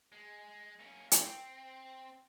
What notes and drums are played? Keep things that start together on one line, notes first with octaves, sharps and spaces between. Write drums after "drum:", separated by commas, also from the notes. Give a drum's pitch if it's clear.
G#3
A#3 C#4
C4, drum: hi-hat